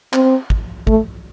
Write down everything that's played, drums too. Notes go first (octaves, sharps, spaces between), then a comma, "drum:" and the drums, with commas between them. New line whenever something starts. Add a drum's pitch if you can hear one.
C4, drum: clap
drum: kick
A3, drum: kick